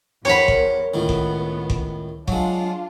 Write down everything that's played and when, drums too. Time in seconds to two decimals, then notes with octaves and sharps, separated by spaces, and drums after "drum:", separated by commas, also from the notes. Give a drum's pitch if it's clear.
0.25 E2 G4 A#4 C5 C#5 F#5 B5
0.48 drum: kick G1
0.94 C#2 A2 D#3 B3
1.09 drum: kick G1
1.70 drum: kick G1
2.28 F#3 G#3 D4 F4, drum: kick G1